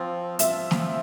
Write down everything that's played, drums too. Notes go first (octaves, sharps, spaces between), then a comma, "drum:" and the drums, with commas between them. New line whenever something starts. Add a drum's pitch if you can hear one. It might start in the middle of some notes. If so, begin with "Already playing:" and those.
Already playing: F3 C4 F4
F3 C4 F4 E5, drum: hi-hat
drum: snare